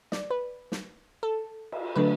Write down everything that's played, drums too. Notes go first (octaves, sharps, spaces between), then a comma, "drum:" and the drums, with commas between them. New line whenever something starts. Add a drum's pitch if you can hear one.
D5, drum: snare
B4
drum: snare
A4
drum: cymbal
D3 F#3 A3 D4 B4